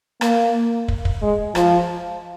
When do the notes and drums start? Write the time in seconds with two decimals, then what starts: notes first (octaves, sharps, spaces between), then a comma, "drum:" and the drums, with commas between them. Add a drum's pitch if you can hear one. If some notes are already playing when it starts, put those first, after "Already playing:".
0.21 A#3, drum: rim click
0.88 drum: kick
1.05 drum: kick
1.22 G#3
1.55 F3, drum: rim click